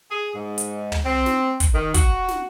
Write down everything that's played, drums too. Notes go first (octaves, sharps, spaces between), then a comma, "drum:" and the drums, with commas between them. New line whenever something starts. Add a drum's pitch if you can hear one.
G#4
G#2
drum: hi-hat
drum: tom
C4
drum: snare
drum: kick, hi-hat
D#3
F#4, drum: kick, hi-hat
drum: snare